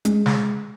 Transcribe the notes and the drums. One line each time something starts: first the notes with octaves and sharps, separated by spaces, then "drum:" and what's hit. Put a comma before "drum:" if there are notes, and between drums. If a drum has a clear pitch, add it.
G#3, drum: hi-hat
drum: snare